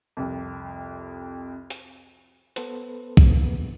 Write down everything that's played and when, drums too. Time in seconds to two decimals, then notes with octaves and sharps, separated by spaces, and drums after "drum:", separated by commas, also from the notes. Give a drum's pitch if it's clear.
0.17 C2 F2
1.70 drum: hi-hat
2.56 B3 A4 B4 C5, drum: hi-hat
3.17 drum: kick B1
3.37 A#3 B3